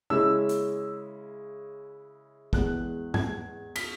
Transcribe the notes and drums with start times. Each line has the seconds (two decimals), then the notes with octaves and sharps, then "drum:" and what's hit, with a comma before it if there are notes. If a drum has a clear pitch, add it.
0.10 C#3 G#3 C#4 E4 E6
0.49 drum: hi-hat
2.53 E2 E3 G#3 F#6, drum: kick
3.14 G#6, drum: tom G#2
3.76 B6, drum: cymbal